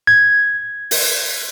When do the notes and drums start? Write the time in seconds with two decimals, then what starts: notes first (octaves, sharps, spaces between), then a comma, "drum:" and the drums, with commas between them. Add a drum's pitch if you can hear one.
0.07 G#6
0.91 drum: open hi-hat